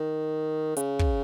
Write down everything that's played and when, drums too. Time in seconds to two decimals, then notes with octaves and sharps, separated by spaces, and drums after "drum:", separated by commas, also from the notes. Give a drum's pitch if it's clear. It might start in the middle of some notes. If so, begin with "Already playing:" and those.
Already playing: D#3
0.77 C#3, drum: hi-hat
0.99 drum: kick